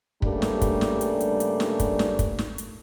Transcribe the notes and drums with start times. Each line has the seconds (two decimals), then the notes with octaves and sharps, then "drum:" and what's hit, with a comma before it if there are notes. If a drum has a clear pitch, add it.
0.22 G2 C#3 G3 A3 A#3 D4, drum: kick
0.42 drum: snare
0.62 drum: kick, hi-hat
0.81 drum: snare
1.01 drum: hi-hat
1.21 drum: hi-hat
1.40 drum: hi-hat
1.60 drum: snare
1.80 drum: kick, hi-hat
1.99 drum: snare
2.19 drum: kick, hi-hat
2.39 drum: snare
2.58 drum: hi-hat